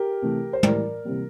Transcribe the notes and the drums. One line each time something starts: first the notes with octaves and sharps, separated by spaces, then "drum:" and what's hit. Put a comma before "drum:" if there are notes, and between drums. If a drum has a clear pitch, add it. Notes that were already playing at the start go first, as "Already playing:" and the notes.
Already playing: G4 A#4
C3 E3 A3
C5
A2 E3 G3 A#4 D5, drum: tom
C3 E3 G3 A#3